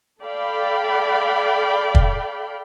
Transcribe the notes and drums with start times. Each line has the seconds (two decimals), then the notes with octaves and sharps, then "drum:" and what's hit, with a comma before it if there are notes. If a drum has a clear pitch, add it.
0.24 A4 D5 F5 G5 B5
1.95 drum: kick